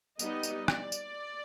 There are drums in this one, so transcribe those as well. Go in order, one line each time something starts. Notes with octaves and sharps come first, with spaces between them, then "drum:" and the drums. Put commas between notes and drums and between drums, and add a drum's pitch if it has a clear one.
G3 B3 D#4 D#5, drum: tambourine
drum: tambourine
D5, drum: rim click
drum: tambourine